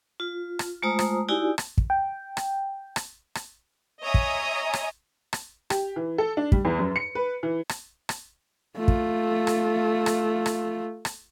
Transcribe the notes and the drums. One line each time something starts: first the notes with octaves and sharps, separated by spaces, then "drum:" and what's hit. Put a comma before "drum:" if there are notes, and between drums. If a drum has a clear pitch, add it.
F4
drum: rim click
G#3 A3 F4 C5 A#5 D#6
drum: rim click
D#4 E4 F#4 G4 D5 G#5
drum: rim click
drum: kick
G5
drum: rim click
drum: rim click
drum: rim click
C#5 D#5 E5 G#5 A#5 D#6
drum: kick
drum: rim click
drum: rim click
G4, drum: rim click
E3
A4
D4
G3, drum: kick
E2
F#2
C#7
B4
E3
drum: rim click
drum: rim click
A3 F4
drum: kick
drum: rim click
drum: rim click
drum: rim click
drum: rim click